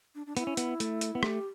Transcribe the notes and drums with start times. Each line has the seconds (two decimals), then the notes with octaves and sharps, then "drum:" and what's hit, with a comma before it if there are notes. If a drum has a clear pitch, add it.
0.15 D4
0.26 D4
0.37 B3 E4, drum: hi-hat
0.47 C#4
0.57 B3, drum: hi-hat
0.80 A3, drum: hi-hat
1.01 drum: hi-hat
1.15 B3
1.23 A3 G4, drum: rim click